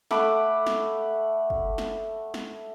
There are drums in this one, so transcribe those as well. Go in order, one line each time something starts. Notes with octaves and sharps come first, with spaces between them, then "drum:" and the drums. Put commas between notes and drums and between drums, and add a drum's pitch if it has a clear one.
A3 F#5 B5 D6, drum: snare
drum: snare
drum: kick
drum: snare
drum: snare